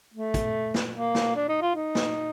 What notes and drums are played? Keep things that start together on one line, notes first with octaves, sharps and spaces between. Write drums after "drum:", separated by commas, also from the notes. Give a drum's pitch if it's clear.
A3
drum: kick, hi-hat
drum: snare
A#3
drum: snare
D4
D#4
F4
D#4
drum: snare